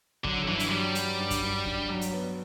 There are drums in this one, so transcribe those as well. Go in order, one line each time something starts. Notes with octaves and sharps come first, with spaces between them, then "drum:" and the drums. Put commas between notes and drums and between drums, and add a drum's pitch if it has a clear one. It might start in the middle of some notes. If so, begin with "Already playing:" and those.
D3 F#3, drum: kick
G2 E3
drum: hi-hat
F#3 G3
F#3, drum: hi-hat
G2
drum: kick, hi-hat
G2
G2, drum: kick
F#3
drum: hi-hat
B3